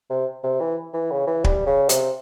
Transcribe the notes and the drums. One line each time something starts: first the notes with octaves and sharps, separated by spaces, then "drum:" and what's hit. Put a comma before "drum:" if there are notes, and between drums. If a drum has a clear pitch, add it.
C3
C3
E3
E3
C#3
E3
G3, drum: kick
C#3
C3, drum: hi-hat